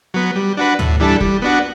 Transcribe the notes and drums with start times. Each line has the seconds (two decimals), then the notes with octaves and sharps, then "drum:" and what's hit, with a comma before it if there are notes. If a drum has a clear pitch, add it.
0.14 F#3 B3
0.36 G3
0.57 D4 F#4 B4
0.79 A2, drum: tom
1.00 E3 G3 D4 A4
1.20 G3, drum: kick F1
1.42 B3 D4 F#4